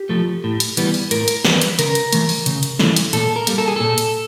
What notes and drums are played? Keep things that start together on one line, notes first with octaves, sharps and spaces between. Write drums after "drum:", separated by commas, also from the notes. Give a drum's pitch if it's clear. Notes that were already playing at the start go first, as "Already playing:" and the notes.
Already playing: G4
F3 A3
A2
drum: hi-hat
E3 G3 B3, drum: hi-hat
drum: open hi-hat
A2 A#4, drum: hi-hat
drum: hi-hat
E3 G3 B3 B4, drum: snare
drum: hi-hat
C#3 A#4, drum: hi-hat
drum: hi-hat
E3 A3, drum: hi-hat
drum: open hi-hat
C#3, drum: hi-hat
drum: hi-hat
E3 A3, drum: snare
drum: hi-hat
A#2 A4, drum: hi-hat
A#4
G3 A#3, drum: hi-hat
A4
G#4
A#2 A4
drum: hi-hat